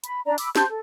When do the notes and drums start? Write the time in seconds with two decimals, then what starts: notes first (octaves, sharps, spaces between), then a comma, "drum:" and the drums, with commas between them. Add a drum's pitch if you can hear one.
0.04 B5, drum: hi-hat
0.26 D4 D5 A#5
0.38 B5 D6 E6, drum: open hi-hat
0.55 G4 C5 A5 G6, drum: snare
0.69 A4